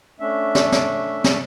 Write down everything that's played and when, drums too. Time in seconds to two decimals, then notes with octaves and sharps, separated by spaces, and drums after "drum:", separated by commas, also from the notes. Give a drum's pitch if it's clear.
0.20 A3 C#4 D4 E5
0.55 drum: snare
0.72 drum: snare
1.24 drum: snare